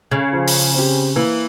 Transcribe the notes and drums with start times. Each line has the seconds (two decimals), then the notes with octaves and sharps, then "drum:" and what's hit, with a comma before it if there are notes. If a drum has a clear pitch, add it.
0.11 C#3
0.33 F3
0.48 drum: open hi-hat
0.74 C4 G4
1.16 E3 A#3